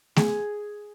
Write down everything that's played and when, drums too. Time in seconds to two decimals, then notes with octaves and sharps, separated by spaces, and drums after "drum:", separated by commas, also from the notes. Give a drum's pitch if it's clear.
0.16 G#4, drum: snare A3